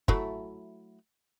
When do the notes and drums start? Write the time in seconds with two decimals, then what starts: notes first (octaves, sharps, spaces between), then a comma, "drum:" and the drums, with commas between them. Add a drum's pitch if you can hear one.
0.08 F#3 A3 E4, drum: kick